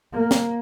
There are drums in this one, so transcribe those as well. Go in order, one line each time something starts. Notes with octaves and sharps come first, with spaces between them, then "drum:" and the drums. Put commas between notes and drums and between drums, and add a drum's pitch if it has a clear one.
A#3
drum: snare